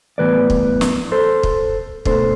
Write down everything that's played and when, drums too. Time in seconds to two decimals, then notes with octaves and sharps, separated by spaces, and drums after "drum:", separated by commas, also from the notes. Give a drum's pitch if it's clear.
0.18 A2 E3 G3 B3 B4 D5
0.50 drum: kick
0.81 drum: snare
1.12 A4 C5
1.43 drum: kick
2.05 B2 A3 D4 A4 C5, drum: kick